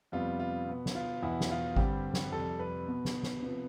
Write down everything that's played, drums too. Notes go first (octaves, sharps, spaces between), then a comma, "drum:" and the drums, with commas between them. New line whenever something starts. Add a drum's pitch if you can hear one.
F2 C3 G3 B3 F4
F4
B2 B3
drum: snare
F4
E2 B2 B3 E4
drum: snare
F4
G2 D3 G3 C4 G4, drum: kick G#1
drum: snare
F2 C3 G3 A4
B4
B2 B3
drum: snare
drum: snare
C3 F3 B3